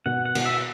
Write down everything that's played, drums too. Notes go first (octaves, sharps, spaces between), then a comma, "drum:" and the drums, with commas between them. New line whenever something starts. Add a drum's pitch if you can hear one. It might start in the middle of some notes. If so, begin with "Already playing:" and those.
B2 F#5
F#5
B2, drum: cymbal
E5